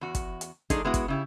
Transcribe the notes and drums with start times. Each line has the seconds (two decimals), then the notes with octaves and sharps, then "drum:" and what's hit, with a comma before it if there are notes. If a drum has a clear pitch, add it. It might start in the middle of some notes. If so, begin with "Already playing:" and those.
0.01 E2 F#4
0.15 drum: kick, hi-hat
0.41 drum: hi-hat
0.70 F3 A3 D4 D#4 G#4 A4, drum: kick, hi-hat
0.85 G#3 B3 E4 F#4
0.94 drum: kick, hi-hat
1.08 C#3 E4 G4